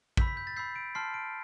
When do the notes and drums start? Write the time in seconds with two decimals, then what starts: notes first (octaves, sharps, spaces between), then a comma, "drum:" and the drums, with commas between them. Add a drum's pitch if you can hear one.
0.17 B5 E6 G6 B6, drum: kick A1
0.27 B6
0.37 G6
0.47 A6
0.56 B5 E6 G6 C7
0.76 D7
0.95 A5 C6 F6 C7
1.14 D7